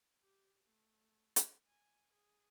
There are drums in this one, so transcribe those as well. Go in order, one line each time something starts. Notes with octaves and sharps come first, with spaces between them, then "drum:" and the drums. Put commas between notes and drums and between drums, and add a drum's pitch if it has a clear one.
G4
A3
drum: hi-hat
G#5
G#4